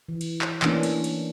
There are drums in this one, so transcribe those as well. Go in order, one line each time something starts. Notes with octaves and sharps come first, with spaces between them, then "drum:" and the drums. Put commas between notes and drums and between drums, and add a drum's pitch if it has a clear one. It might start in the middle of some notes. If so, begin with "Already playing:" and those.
E3
drum: cymbal
drum: clap
E3 A3 A#3 C#4 D4, drum: clap
drum: cymbal
drum: cymbal